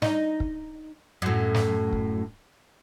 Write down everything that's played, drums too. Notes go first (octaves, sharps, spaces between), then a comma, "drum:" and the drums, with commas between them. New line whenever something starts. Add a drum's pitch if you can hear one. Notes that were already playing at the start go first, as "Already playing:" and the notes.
D#4, drum: snare
drum: kick
F#2 A2
drum: snare
drum: kick